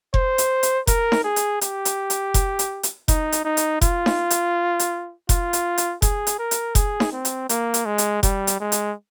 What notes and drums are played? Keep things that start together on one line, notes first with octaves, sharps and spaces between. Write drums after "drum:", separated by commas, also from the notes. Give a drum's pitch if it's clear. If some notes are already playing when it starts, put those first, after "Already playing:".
C5, drum: kick F1
drum: hi-hat
drum: hi-hat
A#4, drum: kick F1, hi-hat
drum: snare D#4
G#4
drum: hi-hat
G4, drum: hi-hat
drum: hi-hat
drum: hi-hat
drum: kick F1, hi-hat
drum: hi-hat
drum: hi-hat
D#4, drum: kick F1, hi-hat
drum: hi-hat
D#4
drum: hi-hat
F4, drum: kick F1, hi-hat
drum: snare D#4
drum: hi-hat
drum: hi-hat
F4, drum: kick F1, hi-hat
drum: hi-hat
drum: hi-hat
G#4, drum: kick F1, hi-hat
drum: hi-hat
A#4
drum: hi-hat
G#4, drum: kick F1, hi-hat
drum: snare D#4
C4
drum: hi-hat
A#3, drum: hi-hat
drum: hi-hat
G#3
drum: hi-hat
G3, drum: kick F1, hi-hat
drum: hi-hat
G#3
drum: hi-hat